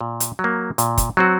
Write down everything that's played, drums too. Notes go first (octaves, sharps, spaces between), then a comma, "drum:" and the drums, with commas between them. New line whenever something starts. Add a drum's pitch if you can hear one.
A#2
drum: hi-hat
F#3
A#3
A#2, drum: hi-hat
drum: kick, hi-hat
F#3 C4 F#4